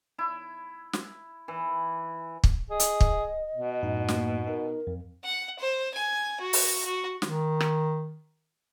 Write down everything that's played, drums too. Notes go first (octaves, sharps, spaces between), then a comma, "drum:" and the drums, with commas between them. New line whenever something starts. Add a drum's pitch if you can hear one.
E4
drum: snare
E3
drum: kick
G#4 D#5
drum: hi-hat
drum: kick
B2
F#2 A2 D#4
A#3, drum: snare
D#4 A#4
F2
F#5
C5
G#5
F#4
drum: open hi-hat
F#4
D#3, drum: snare
drum: rim click